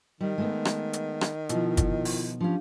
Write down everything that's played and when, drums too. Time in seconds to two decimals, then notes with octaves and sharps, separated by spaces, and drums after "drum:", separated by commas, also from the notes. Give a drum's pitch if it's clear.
0.21 D#3 G3
0.38 G#3 A3 B3
0.65 drum: rim click
0.93 drum: hi-hat
1.21 drum: rim click
1.49 B2 F3 E4 F4 D#5, drum: hi-hat
1.77 drum: kick, hi-hat
2.05 drum: open hi-hat
2.40 F3 C#4 D4 G4 F5